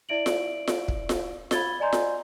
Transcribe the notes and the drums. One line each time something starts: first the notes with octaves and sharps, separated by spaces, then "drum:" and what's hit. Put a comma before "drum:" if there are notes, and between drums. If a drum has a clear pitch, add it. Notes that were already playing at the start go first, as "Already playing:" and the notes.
E4 D5 E5 D7 F#7
drum: snare F4
drum: snare F4
drum: kick
drum: snare F4
B5 G#6 A6 G7, drum: snare F4
D5 D#5 G#5 A#5 C6 G6
drum: snare F4